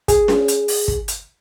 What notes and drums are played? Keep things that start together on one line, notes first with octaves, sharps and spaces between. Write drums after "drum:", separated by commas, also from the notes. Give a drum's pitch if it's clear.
G#4, drum: kick, hi-hat
drum: snare C#4
drum: hi-hat
drum: open hi-hat
drum: kick
drum: hi-hat